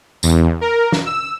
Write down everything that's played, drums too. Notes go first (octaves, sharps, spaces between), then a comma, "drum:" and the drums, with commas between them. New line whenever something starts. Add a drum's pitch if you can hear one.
E2, drum: tambourine
A#4
drum: snare
E6